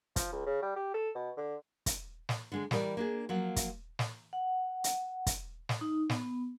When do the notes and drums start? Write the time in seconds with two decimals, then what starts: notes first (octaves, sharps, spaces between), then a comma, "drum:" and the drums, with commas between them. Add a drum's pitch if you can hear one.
0.16 F3, drum: kick, hi-hat
0.33 C#2
0.46 C#3
0.62 G3
0.76 G4
0.94 A4
1.15 B2
1.37 D3
1.86 drum: kick, hi-hat
2.29 drum: snare
2.52 D3 G#3 D4
2.71 E3 G3 G4 A#4 C#5 D5, drum: snare
2.97 A#3 D4 G#4
3.29 F3 F#3 A#3
3.56 drum: kick, hi-hat
3.99 drum: snare
4.33 F#5
4.84 drum: hi-hat
5.27 drum: kick, hi-hat
5.69 drum: snare
5.81 D#4
6.10 B3, drum: snare